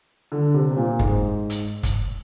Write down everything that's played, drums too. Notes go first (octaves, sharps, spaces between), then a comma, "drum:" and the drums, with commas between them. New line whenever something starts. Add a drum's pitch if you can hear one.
D3
C3
C3
A#2
G#2, drum: kick
drum: hi-hat
drum: kick, hi-hat